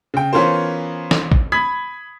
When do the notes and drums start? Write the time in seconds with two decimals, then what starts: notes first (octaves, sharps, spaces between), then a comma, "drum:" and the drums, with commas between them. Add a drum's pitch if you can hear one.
0.14 C#3 G5
0.33 E3 B3 C#4 F4 A#4 C5
1.11 drum: snare
1.32 drum: kick A1
1.52 B5 D#6 G#6 B6